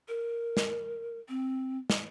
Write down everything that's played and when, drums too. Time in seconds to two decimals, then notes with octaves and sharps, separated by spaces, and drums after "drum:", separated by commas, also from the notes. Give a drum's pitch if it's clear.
0.08 A#4
0.57 drum: snare
1.29 C4
1.90 drum: snare